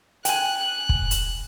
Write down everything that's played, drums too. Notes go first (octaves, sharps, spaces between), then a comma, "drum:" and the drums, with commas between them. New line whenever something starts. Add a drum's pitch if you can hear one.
G5 G#5 F#6, drum: hi-hat
drum: kick
drum: hi-hat